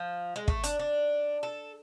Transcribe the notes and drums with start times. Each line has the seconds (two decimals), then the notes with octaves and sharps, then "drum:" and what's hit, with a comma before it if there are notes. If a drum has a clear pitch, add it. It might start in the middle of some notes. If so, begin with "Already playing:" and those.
Already playing: F3
0.36 G#3
0.48 A3, drum: kick
0.64 D4, drum: hi-hat
0.79 D4
1.43 A4